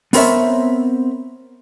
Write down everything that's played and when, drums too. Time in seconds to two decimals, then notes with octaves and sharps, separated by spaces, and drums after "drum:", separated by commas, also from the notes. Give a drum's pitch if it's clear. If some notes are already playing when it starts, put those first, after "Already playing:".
0.13 B3 C4 A#4 C#5 E5, drum: open hi-hat